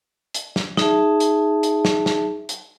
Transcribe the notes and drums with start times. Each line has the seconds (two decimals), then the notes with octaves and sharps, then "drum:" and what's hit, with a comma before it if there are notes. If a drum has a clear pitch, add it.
0.34 drum: hi-hat
0.56 drum: snare
0.77 D#4 G#4 E5 A5, drum: snare
1.20 drum: hi-hat
1.63 drum: hi-hat
1.85 drum: snare
2.06 drum: snare
2.49 drum: hi-hat